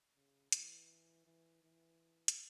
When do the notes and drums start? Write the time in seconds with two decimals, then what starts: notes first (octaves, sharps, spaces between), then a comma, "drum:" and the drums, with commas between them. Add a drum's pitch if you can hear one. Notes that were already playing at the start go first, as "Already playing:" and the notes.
0.16 C#3
0.52 E3, drum: hi-hat
1.27 E3
1.64 E3
2.28 drum: hi-hat